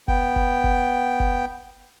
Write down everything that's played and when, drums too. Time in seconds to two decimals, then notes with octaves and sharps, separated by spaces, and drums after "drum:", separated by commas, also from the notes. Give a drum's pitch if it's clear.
0.08 B3 G5, drum: kick F#1
0.36 drum: kick F#1
0.64 drum: kick F#1
1.20 drum: kick F#1